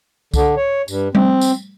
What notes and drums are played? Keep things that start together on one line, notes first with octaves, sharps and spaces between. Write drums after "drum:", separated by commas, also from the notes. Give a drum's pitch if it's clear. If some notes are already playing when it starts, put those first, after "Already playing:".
D3, drum: kick C2, tambourine
C#5
G2, drum: tambourine
C4, drum: tom G3
drum: tambourine